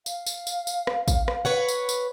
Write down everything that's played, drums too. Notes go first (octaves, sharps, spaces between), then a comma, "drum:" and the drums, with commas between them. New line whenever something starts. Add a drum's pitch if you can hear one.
F5, drum: tambourine
drum: tambourine
drum: tambourine
drum: tambourine
drum: rim click
drum: kick A1, tambourine
drum: rim click
B4 C#5 F#5
drum: tambourine
drum: tambourine